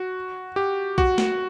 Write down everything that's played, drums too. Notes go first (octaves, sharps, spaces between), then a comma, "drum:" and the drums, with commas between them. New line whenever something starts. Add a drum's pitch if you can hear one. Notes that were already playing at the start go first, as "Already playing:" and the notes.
Already playing: F#4
G4
F#4, drum: kick
drum: snare